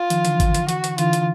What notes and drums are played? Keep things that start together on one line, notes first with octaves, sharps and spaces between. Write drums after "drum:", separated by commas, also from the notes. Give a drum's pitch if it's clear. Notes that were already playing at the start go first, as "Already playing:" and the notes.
Already playing: F4
D#3 F3, drum: hi-hat
D3 E3, drum: hi-hat
drum: kick, hi-hat
drum: hi-hat
F#4, drum: hi-hat
drum: hi-hat
D3 E3 F4, drum: hi-hat
drum: hi-hat